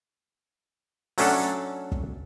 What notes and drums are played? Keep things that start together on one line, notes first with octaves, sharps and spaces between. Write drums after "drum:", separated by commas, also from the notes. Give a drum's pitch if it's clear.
F#3 A3 C#4 D4 A4 F#5, drum: open hi-hat
drum: kick